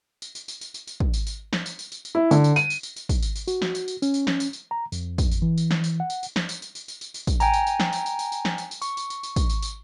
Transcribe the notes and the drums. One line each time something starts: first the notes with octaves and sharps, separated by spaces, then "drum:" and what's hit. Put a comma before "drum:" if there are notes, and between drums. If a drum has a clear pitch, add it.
drum: tambourine
drum: tambourine
drum: tambourine
drum: tambourine
drum: tambourine
drum: tambourine
drum: kick
drum: tambourine
drum: tambourine
drum: snare
drum: tambourine
drum: tambourine
drum: tambourine
drum: tambourine
E4
D3, drum: tambourine
drum: tambourine
D#7, drum: tambourine
drum: tambourine
drum: tambourine
drum: tambourine
drum: kick, tambourine
drum: tambourine
drum: tambourine
F#4, drum: tambourine
drum: snare
drum: tambourine
drum: tambourine
C#4, drum: tambourine
drum: tambourine
drum: snare
drum: tambourine
drum: tambourine
A#5
F2, drum: tambourine
drum: kick, tambourine
drum: tambourine
E3
drum: tambourine
drum: snare
drum: tambourine
F#5
drum: tambourine
drum: tambourine
drum: snare
drum: tambourine
drum: tambourine
drum: tambourine
drum: tambourine
drum: tambourine
drum: tambourine
drum: kick, tambourine
G5 G#5 A#5, drum: tambourine
drum: tambourine
drum: tambourine
drum: snare
drum: tambourine
drum: tambourine
drum: tambourine
drum: tambourine
drum: snare
drum: tambourine
drum: tambourine
C#6, drum: tambourine
drum: tambourine
drum: tambourine
drum: tambourine
drum: kick, tambourine
drum: tambourine
drum: tambourine